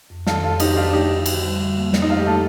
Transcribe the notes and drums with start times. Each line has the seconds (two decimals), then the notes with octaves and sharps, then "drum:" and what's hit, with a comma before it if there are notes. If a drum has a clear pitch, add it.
0.10 F2
0.27 D#3 F4 A4, drum: snare
0.43 F2 F4 A4
0.60 F3 D#4 G4, drum: cymbal
0.71 G4
0.76 F2 D4 F4
0.93 A3 D#4 G4
1.10 F2
1.26 D3, drum: cymbal
1.43 G3
1.60 G3
1.76 A#3
1.93 F2, drum: snare
2.02 D#4
2.10 A3 F4
2.18 G4
2.26 A3 F4 A4